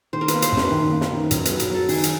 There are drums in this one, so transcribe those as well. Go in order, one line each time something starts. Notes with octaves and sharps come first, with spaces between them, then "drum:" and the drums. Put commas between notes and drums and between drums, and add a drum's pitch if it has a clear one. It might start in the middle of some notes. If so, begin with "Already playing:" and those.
D#3 C5
A#4
B4, drum: hi-hat
A#3
C5, drum: hi-hat
F#2
B4, drum: snare
D#3
A#3
drum: snare
D#3
F#2, drum: hi-hat
F#3 B4, drum: hi-hat
A#4, drum: hi-hat
F#3 A4
D#3 G#4, drum: open hi-hat
drum: hi-hat